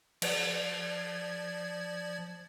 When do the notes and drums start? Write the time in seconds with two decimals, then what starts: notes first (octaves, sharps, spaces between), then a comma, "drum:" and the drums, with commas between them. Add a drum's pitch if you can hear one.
0.22 F3 D5 G#6, drum: cymbal